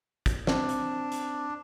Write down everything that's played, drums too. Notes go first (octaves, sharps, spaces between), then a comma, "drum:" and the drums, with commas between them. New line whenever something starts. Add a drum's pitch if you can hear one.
drum: kick, hi-hat
C4 D4, drum: snare
drum: hi-hat
drum: hi-hat